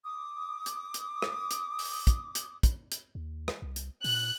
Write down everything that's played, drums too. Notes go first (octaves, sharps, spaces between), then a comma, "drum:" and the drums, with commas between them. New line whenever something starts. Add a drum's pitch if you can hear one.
D6 D#6
drum: hi-hat
drum: hi-hat
drum: rim click
drum: hi-hat
drum: open hi-hat
drum: kick, hi-hat
drum: hi-hat
drum: kick, hi-hat
drum: hi-hat
D#2
drum: rim click
C2
drum: hi-hat
A#2 F#6, drum: open hi-hat